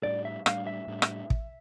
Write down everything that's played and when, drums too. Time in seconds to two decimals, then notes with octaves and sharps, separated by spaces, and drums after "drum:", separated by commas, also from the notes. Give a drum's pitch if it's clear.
0.03 A2 G3 D4 D5
0.25 E5
0.46 A2 G3 D4 F5, drum: rim click
0.67 E5
0.88 A2 G3 D4
1.02 drum: rim click
1.30 drum: kick